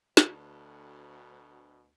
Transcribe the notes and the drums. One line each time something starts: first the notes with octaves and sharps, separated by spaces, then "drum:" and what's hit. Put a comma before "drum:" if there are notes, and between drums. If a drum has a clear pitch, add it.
D2 B2, drum: snare